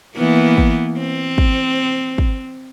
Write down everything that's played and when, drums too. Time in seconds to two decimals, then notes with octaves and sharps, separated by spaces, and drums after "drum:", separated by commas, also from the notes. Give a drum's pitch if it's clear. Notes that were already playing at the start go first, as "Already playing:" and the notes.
0.17 E3 A#3 B3
0.58 drum: kick
0.98 C4
1.38 drum: kick
2.18 drum: kick